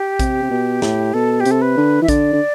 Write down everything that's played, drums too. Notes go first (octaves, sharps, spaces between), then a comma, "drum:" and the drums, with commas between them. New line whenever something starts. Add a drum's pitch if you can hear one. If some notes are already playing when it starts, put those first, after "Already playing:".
Already playing: G4
C3, drum: kick A#1, hi-hat
C3
B2
A2, drum: snare
B2 A4
G4
C3, drum: hi-hat
A4
B4
D3
E3 E5
D3 D5, drum: kick A#1, hi-hat
D3